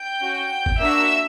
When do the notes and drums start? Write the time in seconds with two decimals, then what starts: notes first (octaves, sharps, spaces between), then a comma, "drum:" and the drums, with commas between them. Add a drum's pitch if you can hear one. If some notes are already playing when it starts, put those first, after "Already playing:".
Already playing: G5 G6
0.21 C#4 F#4
0.66 drum: kick G1
0.79 A#3 D4 F#4 E5 E6